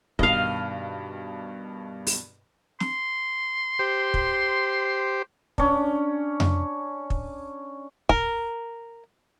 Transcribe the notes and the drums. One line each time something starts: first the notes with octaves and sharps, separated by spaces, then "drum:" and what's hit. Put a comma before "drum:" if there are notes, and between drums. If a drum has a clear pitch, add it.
G2 B2 D#3 D#5 F5, drum: kick
drum: open hi-hat
C6, drum: snare
G4 C5
drum: kick
C#4 D4, drum: kick
drum: tom F2
drum: kick
A#4, drum: kick